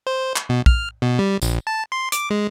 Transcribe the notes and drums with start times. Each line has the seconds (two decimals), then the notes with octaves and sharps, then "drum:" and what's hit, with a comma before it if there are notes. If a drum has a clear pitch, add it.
0.07 C5
0.36 drum: clap
0.49 B2
0.66 F6, drum: kick
1.02 B2
1.19 G3
1.42 A#1, drum: tambourine
1.67 A5
1.92 C6
2.12 D6, drum: hi-hat
2.30 G#3